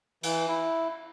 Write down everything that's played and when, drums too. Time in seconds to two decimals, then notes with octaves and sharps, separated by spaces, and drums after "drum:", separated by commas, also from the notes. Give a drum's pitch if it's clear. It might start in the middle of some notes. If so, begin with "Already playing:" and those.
0.23 E3, drum: cymbal
0.48 E4